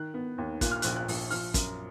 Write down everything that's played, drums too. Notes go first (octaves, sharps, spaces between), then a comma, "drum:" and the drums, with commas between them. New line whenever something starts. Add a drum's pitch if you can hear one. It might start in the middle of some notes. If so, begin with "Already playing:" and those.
Already playing: D#3 F#6
B3
D#2
A#2 F#6, drum: kick, hi-hat
F6
A#1 F#6, drum: hi-hat
F#6
A#1, drum: open hi-hat
F3 F6, drum: open hi-hat
F#2, drum: kick, hi-hat